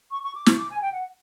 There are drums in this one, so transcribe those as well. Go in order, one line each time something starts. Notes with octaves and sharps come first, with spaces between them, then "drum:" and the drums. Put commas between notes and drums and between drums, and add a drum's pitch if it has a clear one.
C#6
C#6
D6
C#6, drum: snare
D6
G#5
G5
F#5